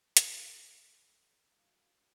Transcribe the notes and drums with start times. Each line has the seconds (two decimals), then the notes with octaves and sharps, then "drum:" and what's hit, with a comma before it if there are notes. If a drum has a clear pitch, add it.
0.17 A4, drum: hi-hat
1.50 G3 A#3 D4 E4 F#4 F5